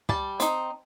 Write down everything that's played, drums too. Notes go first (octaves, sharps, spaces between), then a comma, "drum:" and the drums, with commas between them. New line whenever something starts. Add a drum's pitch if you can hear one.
G3 A5, drum: kick
C4 D#4, drum: hi-hat